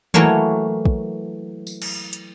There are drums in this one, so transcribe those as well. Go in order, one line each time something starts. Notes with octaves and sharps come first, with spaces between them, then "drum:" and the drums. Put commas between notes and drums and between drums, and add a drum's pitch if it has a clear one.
E3 F#3 A3 A#3 A#4 C#5, drum: tom D#3
drum: kick
drum: tambourine
drum: cymbal
drum: hi-hat